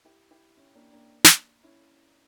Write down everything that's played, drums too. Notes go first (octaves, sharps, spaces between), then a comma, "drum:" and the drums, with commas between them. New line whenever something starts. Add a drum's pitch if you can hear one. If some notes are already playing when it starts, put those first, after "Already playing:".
E4 G4
E4 G4
C#4 E4
A#3 D4
A#3 D4
drum: snare
C#4 E4